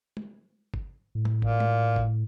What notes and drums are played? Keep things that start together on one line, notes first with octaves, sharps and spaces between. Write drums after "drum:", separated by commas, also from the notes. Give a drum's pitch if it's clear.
drum: tom
drum: kick
A2
drum: tom A2
A#2, drum: kick
drum: tom
drum: kick